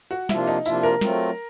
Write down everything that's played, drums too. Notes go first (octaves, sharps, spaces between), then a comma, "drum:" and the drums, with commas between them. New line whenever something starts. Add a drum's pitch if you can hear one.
F#4
C3 F3 A#3 D4 E4 F4, drum: snare
D#4
C3 F3 A#3 D4 E4 F4, drum: tambourine
A#4
F#3 A3 C4 F4, drum: snare